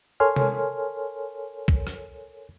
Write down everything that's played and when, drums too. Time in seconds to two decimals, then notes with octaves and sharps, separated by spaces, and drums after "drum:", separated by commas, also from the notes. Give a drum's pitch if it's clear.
0.20 A4 A#4 C#5 G#5 C6 F6
0.36 drum: tom
1.68 drum: kick
1.87 drum: rim click